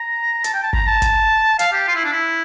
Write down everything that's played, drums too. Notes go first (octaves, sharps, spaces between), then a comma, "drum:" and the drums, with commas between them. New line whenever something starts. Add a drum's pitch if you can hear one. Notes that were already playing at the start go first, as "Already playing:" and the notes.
Already playing: A#5
A5, drum: hi-hat
G5
A5
A#5, drum: kick
A5
drum: kick, hi-hat
F5, drum: hi-hat
G4
F4
E4
D4
E4